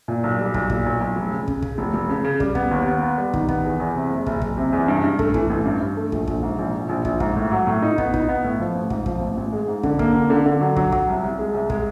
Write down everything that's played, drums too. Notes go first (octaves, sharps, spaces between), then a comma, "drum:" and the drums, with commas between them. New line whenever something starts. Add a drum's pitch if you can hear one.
A#2
B1
G3
B1, drum: kick
A#2, drum: kick
B1
B1
F1
C#3
C#3, drum: kick
C#3, drum: kick
F1
F1
C#3
C#3
G3, drum: kick
B3, drum: kick
D#2
B3
B3
G3
D#3, drum: kick
B3, drum: kick
E2
E2
C3
F#1
F#1, drum: kick
F#1, drum: kick
C3
E2
G2
G2
A3, drum: kick
E3, drum: kick
A1
G2
G2
A3
A#1, drum: kick
A#1, drum: kick
G#2
A#1
A#1
A#1
A#1, drum: kick
G#2, drum: kick
A2
F#3
A2
D#4
B3, drum: kick
D#4, drum: kick
B3
A2
F3
A1
G#2, drum: kick
F3, drum: kick
A1
A1
G#3
G#2
D3, drum: kick
A#3, drum: kick
D3
D3
D3
F#3
F#3, drum: kick
F#3, drum: kick
C2
C2
G#3
C2
G#3, drum: kick